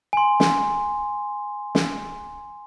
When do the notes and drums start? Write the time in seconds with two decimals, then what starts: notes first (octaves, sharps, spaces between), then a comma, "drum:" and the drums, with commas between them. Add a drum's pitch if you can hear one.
0.13 G#5 C6
0.40 drum: snare
1.75 drum: snare